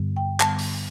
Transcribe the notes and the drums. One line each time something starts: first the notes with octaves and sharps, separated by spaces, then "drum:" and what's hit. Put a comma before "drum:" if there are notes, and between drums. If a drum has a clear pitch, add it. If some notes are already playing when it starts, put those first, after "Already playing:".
Already playing: G2 D3 G3 B3
G5
G2 D3 G3 B3 A5, drum: clap
drum: open hi-hat